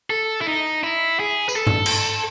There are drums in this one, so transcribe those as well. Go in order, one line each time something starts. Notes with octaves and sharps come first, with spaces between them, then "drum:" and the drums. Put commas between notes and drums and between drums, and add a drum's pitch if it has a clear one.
A4
E4
D#4
E4
G#4
B4, drum: tambourine
A4
drum: tom G2
drum: cymbal